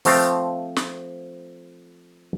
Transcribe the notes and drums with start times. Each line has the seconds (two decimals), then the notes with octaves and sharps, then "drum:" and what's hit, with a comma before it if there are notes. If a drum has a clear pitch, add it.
0.05 F3 A3 C4, drum: open hi-hat
0.76 drum: snare